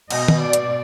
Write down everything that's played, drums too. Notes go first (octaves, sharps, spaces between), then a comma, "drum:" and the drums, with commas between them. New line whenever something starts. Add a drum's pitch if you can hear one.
B2 D#5, drum: cymbal
drum: tom D#3
D5
drum: hi-hat